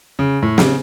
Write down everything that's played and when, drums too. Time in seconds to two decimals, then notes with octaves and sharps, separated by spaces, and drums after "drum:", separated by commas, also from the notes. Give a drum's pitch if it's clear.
0.19 C#3
0.42 A2
0.58 C#3, drum: snare